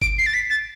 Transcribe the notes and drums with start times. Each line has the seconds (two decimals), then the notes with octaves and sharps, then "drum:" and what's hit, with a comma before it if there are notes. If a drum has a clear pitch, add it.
0.02 D7, drum: kick G1
0.18 C7
0.26 A6
0.34 B6
0.50 A6